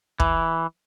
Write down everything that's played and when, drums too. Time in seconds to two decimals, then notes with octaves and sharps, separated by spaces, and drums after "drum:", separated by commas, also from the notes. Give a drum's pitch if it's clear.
0.20 E3, drum: kick